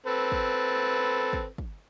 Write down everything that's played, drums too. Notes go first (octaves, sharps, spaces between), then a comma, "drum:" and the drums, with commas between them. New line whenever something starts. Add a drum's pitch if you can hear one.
C4 A4 B4
drum: kick
drum: kick
drum: kick